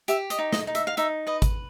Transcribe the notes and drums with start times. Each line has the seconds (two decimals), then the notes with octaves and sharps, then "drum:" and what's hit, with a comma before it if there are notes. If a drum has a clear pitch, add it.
0.08 G4 E5, drum: hi-hat
0.30 D#5, drum: hi-hat
0.39 D#4
0.52 D#5, drum: snare
0.67 D#4
0.75 E5, drum: hi-hat
0.87 F5
0.97 D#4 E5, drum: hi-hat
1.27 B4 D#5
1.42 drum: kick G#1, hi-hat